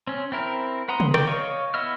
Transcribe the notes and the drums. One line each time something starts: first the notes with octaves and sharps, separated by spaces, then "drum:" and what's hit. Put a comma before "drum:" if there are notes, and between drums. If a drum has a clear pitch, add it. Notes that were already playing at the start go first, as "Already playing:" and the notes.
C4 C#4
C4 E4 A#4
B4 F#5 A#5 C6 D#6
drum: tom
D#3 D5 G5, drum: rim click
C#5 D#5 F5 C#6
B3 E4 D#5 E6 F6